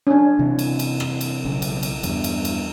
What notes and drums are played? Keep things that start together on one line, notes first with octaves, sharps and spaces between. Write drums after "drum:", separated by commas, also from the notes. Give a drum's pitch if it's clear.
C#4 D4
C3 E3
drum: cymbal
drum: cymbal
drum: rim click
drum: cymbal
B1 C#3
drum: cymbal
drum: cymbal
E2 G2, drum: cymbal
drum: cymbal
drum: cymbal